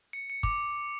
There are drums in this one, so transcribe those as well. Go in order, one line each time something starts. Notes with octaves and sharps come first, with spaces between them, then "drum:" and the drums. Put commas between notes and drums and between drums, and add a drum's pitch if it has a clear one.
C#7
C#7
D6, drum: kick